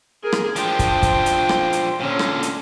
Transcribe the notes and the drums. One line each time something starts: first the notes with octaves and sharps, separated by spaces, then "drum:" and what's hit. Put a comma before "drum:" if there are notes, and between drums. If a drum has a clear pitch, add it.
G#4 A#4
drum: rim click
F3 D4 G5, drum: hi-hat
drum: kick, hi-hat
drum: kick, hi-hat
drum: hi-hat
drum: rim click
drum: hi-hat
A#2 D3 C#4
drum: rim click
drum: hi-hat